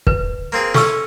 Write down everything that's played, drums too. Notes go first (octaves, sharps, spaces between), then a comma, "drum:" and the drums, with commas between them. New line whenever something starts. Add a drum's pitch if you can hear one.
B4, drum: kick
A#3 C4 G#4
C#4 A4 C#6 E6, drum: snare